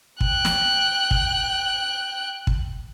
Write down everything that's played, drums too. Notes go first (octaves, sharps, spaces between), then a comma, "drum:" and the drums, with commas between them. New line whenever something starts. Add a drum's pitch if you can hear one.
G5 F#6, drum: kick
drum: snare
drum: kick
drum: kick